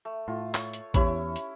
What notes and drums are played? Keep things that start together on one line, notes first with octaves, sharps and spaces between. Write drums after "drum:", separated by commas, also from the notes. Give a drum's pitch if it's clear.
A3
A2 F4
C#5, drum: clap
drum: hi-hat
E2 C#4 E4 G4 C#5 B5, drum: kick A1, hi-hat
drum: hi-hat